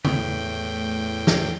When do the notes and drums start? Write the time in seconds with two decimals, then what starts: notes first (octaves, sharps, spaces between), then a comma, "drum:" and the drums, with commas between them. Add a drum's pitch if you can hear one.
0.05 E2 A2 A3 G5, drum: tom C#3
1.27 drum: snare